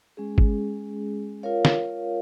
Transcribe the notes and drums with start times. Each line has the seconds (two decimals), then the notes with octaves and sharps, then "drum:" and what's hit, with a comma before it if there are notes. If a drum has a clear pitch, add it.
0.17 G#3 C#4 G#4
0.38 drum: kick
1.43 F4 A#4 C#5 F5
1.65 drum: snare